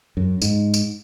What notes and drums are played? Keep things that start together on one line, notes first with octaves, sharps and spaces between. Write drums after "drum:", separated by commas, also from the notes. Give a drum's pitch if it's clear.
F#2
G#2, drum: tambourine
drum: tambourine